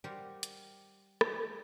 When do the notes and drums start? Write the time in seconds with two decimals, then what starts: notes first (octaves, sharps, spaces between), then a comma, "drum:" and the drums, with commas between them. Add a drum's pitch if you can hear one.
0.04 G3 G4 A#4 C5 F#5
0.43 drum: hi-hat
1.21 drum: rim click